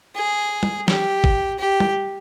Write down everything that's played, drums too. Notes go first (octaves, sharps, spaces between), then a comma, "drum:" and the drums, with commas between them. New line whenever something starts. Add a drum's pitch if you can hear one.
G#4
drum: tom
G4, drum: snare
drum: kick G1
G4
drum: tom